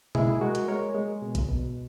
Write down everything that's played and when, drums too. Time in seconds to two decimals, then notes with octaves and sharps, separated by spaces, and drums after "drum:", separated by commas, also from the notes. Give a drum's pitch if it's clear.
0.15 G#3 E4 G#4, drum: tom
0.41 G#3 F#4 A#4
0.55 drum: hi-hat
0.68 G#3 A#4 C#5
0.95 G#3
1.22 B2
1.35 drum: kick A#1, hi-hat
1.48 B2